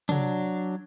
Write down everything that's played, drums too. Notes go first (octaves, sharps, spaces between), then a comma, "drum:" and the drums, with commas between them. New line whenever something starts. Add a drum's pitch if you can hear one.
F#3 D4, drum: tom C3